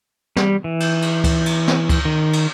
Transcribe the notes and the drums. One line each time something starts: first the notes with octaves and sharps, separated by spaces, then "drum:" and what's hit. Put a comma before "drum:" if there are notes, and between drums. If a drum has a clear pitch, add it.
G3, drum: snare
E3
drum: cymbal
drum: cymbal
drum: kick C#2, cymbal
drum: cymbal
drum: snare
drum: kick C#2, cymbal
D#3
drum: cymbal